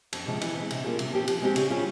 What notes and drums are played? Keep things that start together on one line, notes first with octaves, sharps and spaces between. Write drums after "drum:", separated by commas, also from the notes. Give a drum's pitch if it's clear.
F2, drum: cymbal
C3 F3 G#3
E3, drum: cymbal
G#3 C4
C3, drum: cymbal
G3 A#3 F4 G#4
C3, drum: cymbal
F3 C4 G4
F3, drum: cymbal
G#3 C4 G4
C#3, drum: cymbal
G3 C#4 F4 G#4